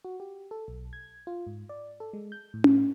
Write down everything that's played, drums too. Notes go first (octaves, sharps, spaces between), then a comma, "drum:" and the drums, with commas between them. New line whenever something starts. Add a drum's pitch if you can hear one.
F#4
G4
A4
B1
G#6
F4
G#2
D5
A4
G#3
G6
A2
drum: tom C#4